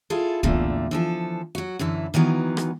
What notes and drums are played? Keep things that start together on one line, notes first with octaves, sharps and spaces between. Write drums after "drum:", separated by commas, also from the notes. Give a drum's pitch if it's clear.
E4 F4 G#4 A4
E2 A#2 D3 A3, drum: kick
E3 F3 A4
F#3 F#4
F#2 D3 E3 E4
D#3 E3 F#3 B3
drum: rim click